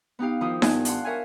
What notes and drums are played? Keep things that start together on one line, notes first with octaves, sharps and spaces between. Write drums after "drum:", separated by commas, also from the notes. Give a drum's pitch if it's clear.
B3 D#4 G4 F5
D#3 F3 E4 F4 C5 D#6
G2 B3 G#5, drum: snare D#4
D4 F5 F#5 C6, drum: hi-hat
A#4 C#5 E5 F5 G#5